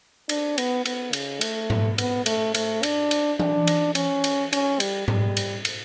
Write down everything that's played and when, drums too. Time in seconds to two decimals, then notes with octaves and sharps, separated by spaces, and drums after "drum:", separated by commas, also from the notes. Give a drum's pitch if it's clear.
0.29 D4, drum: cymbal
0.58 B3, drum: cymbal
0.85 B3, drum: cymbal
1.13 C#3, drum: cymbal
1.41 A3, drum: cymbal
1.70 drum: tom G#2
1.98 B3, drum: cymbal
2.26 A3, drum: cymbal
2.54 A3, drum: cymbal
2.83 D4, drum: cymbal
3.11 drum: cymbal
3.39 D4, drum: tom E3
3.67 drum: cymbal
3.95 C#4, drum: cymbal
4.24 drum: cymbal
4.53 C#4, drum: cymbal
4.80 G3, drum: cymbal
5.08 G3, drum: tom G#2
5.37 drum: cymbal
5.65 drum: cymbal